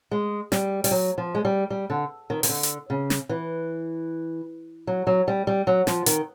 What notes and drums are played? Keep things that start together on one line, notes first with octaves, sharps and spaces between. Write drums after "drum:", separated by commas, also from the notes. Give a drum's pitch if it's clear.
G#3
G3, drum: snare
G3, drum: open hi-hat
F#3
F3
G#3
G3
G3
D3
D#3
D#3, drum: open hi-hat
D3
drum: hi-hat
C#3
drum: snare
E3
F#3
F#3
G3
G3
F#3
F3, drum: snare
D#3, drum: hi-hat